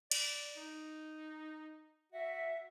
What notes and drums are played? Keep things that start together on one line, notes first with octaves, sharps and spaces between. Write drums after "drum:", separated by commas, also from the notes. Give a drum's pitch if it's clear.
D5, drum: cymbal
D#4
F#4 E5